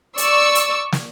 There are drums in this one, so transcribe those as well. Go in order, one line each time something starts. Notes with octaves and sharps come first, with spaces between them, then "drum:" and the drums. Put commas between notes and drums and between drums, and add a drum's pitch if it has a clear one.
D5 C#6 E6, drum: hi-hat
drum: hi-hat
drum: snare